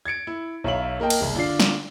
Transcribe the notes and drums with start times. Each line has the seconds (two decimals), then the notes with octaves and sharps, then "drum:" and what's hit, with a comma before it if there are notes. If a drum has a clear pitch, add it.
0.05 G#6 A6 C#7 D7
0.27 E4
0.64 B1 C#5 E5 F5 F#7
1.00 A#3 A#4 D#5 G5 A5
1.10 drum: cymbal
1.21 F#1 C2
1.35 D3 D4 F4 D5 C7
1.60 drum: snare